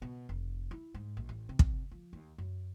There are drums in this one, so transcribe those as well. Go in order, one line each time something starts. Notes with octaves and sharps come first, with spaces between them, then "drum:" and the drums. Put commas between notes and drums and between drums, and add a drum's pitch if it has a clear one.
B2
F1
E4
G#2
A#1
A1
C3
drum: kick
F3
D#2
F#2